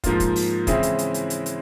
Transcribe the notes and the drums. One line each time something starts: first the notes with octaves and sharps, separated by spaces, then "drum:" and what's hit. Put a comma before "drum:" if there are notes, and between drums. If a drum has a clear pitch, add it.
G#2 F3 A#3 F4, drum: kick, hi-hat
drum: kick, hi-hat
drum: open hi-hat
C#3 E3 G#3 C4 E4, drum: kick, hi-hat
drum: hi-hat
drum: hi-hat
drum: hi-hat
drum: hi-hat
drum: hi-hat